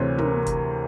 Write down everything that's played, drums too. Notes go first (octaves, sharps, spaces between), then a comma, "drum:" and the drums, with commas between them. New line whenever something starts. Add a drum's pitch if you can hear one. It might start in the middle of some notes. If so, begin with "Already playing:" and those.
Already playing: D2 C3 E3 C5 C#5
A#4, drum: tom
drum: kick F#1, hi-hat